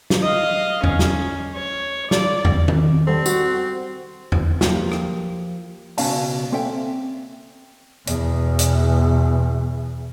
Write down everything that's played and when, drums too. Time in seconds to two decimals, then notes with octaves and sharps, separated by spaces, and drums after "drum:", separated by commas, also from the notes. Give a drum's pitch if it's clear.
0.10 drum: snare
0.22 D#5 F5
0.84 C#4, drum: tom E2
0.99 drum: snare
1.54 C#5
2.11 D5, drum: snare
2.45 drum: tom E2
2.68 drum: tom D#3
3.07 G3 C4 A4
3.26 F#4, drum: tambourine
4.32 drum: tom E2
4.61 F3 A#3 F4 G4, drum: snare
4.92 drum: rim click
5.98 C#2 B2 C#4 F5 A5, drum: open hi-hat
6.52 A#3 C4 C#4 A4 E5 G5
8.07 E2 B2, drum: hi-hat
8.59 drum: hi-hat